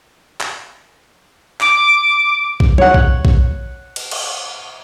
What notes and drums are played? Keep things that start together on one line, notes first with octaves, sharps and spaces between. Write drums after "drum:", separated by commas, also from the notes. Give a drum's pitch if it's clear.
drum: clap
D6, drum: clap
drum: kick B1
C#5 F#5, drum: tom
drum: kick B1
drum: kick B1
drum: cymbal
drum: cymbal